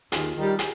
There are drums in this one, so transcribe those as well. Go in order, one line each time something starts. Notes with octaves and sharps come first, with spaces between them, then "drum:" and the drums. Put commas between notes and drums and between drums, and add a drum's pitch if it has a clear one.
D#2 F4 G#4, drum: hi-hat
D#3 G3
G#4, drum: hi-hat